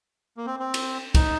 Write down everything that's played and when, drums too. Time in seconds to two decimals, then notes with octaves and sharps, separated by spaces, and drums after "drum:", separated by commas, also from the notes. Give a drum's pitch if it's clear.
0.37 A#3
0.46 C4
0.60 C4
0.74 drum: cymbal
1.15 D#4, drum: kick, cymbal